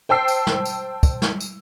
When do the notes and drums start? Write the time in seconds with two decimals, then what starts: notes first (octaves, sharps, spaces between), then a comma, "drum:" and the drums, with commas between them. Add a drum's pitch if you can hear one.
0.09 C5 G5 A5 E6 C7
0.28 drum: tambourine
0.47 drum: snare
0.65 drum: tambourine
1.03 drum: kick, tambourine
1.22 drum: snare
1.40 drum: tambourine